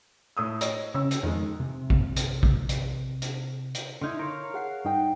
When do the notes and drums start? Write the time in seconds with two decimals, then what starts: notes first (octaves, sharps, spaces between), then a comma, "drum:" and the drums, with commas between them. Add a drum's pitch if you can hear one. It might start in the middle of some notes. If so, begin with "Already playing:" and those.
0.37 A2 D#6 E6
0.61 C#5 D#5, drum: hi-hat
0.94 C#3 C#4 E6
1.11 drum: hi-hat
1.23 F2 D#3 G#3
1.60 C3 C4
1.90 drum: kick A#1
2.17 drum: hi-hat
2.43 drum: kick A#1
2.69 drum: hi-hat
3.22 drum: hi-hat
3.75 drum: hi-hat
4.01 D3 D#4 E4 C6 F6 G6
4.19 A#4 C#5 F5 C6
4.54 G#4 F#5 C7
4.85 G2 D#4 G5